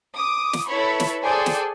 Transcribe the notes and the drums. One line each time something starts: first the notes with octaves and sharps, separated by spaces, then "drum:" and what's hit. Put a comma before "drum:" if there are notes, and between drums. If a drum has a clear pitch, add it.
D6 D#6
drum: snare
E4 A4 B4 C#5 B5 C#6
drum: snare
G#4 A4 C5 D5 G5 G#5
drum: snare